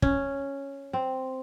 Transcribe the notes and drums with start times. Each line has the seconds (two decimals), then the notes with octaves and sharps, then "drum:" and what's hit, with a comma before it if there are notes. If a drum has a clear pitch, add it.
0.02 C#4, drum: kick
0.93 C4